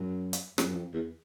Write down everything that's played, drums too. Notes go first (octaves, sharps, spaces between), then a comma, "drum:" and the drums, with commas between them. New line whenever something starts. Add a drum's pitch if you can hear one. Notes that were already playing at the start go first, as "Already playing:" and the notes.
Already playing: F#2
drum: hi-hat
F2, drum: rim click
F#2
F2
E2